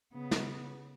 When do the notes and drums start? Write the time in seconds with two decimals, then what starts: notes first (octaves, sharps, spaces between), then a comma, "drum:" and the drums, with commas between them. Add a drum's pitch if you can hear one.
0.14 C#3 B3
0.31 drum: snare